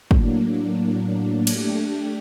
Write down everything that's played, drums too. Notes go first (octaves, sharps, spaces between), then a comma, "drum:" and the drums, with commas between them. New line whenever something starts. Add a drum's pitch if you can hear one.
A2 F#3 A#3 D4, drum: kick
A3 D4 G4, drum: cymbal